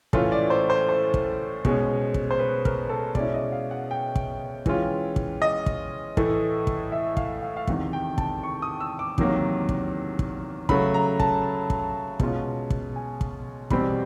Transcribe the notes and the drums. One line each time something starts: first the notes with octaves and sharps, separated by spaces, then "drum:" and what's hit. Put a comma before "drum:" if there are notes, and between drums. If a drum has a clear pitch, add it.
A2 E3 A3 C#4 F4, drum: kick
D5
C5
C5
C5
drum: kick
B2 G#3 C#4, drum: kick
drum: kick
C5
B4
A#4, drum: kick
A4
B2 G#3 C#4 E4 D5, drum: kick
D#5
F5
F#5
G5
drum: kick
E3 G#3 C#4 F4, drum: kick
drum: kick
D#5
drum: kick
A2 E3 A3, drum: kick
drum: kick
E5
F5, drum: kick
F5
F5
E2 C3 D#3 F#5, drum: kick
G5
A5, drum: kick
C#6
D#6
E6
D6
E2 C3 D#3 F#3 A#3, drum: kick
drum: kick
drum: kick
C#3 F#3 A3 B5, drum: kick
A#5
A5, drum: kick
drum: kick
B2 G#3 C#4 F4, drum: kick
drum: kick
G#5
drum: kick
E2 B2 G3 C4 B5, drum: kick